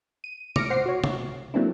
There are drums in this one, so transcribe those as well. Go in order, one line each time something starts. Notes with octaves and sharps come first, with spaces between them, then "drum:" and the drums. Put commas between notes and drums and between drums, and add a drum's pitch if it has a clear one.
D#7
D6 F6 A#6 C#7 D7, drum: tom C3
C5 F#5 C7
F#4 C#5
drum: tom C3
F#3 A3 A#3 C4 D4 E4